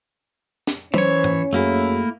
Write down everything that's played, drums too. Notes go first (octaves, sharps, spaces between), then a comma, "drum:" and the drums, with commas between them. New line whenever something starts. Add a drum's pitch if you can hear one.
drum: snare
E3 C#4 C5 C#5, drum: tom F#3
drum: tom G#2
F#2 A3 A#3 E4 F#4 G#4